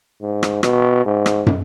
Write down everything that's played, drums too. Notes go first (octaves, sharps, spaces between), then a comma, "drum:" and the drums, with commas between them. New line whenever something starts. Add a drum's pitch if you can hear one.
G#2
drum: rim click
B2, drum: rim click
G#2
drum: rim click
drum: tom